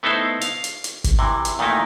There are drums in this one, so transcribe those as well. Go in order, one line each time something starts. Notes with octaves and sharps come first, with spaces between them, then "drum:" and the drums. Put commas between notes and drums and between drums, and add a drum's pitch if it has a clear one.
A3 B3 D#4 E4 A4 C5
F5, drum: hi-hat
drum: hi-hat
drum: hi-hat
drum: kick G#1, hi-hat
C3 E3
drum: hi-hat
A#2 D#3 A3 D#4 E4